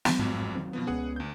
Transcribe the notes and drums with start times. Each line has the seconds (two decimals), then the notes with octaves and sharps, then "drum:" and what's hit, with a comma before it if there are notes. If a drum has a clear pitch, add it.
0.05 drum: snare
0.19 A1 F2 G#2 F#3
0.55 D#3 F#3 C4
0.73 B2 F3 B3
0.87 C#2 B3 C#4 G#4 F#5 D#6
1.16 D2 G6